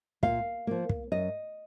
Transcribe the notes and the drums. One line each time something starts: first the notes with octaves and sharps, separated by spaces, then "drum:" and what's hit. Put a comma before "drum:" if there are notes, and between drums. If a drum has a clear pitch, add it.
A#2 F5, drum: kick
F3 A#3
drum: kick
F#2 D#5